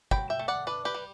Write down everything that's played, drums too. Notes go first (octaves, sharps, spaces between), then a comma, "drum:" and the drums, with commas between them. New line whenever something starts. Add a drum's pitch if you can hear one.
F#3 G5 B5, drum: kick
E5 G5
A3
D5 F#5
D4 B4 D5
G4 B4
G3